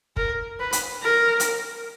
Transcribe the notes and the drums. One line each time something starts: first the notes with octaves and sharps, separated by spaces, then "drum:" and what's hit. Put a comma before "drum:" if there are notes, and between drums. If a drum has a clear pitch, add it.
A#4, drum: kick
B4
drum: hi-hat
A#4
drum: hi-hat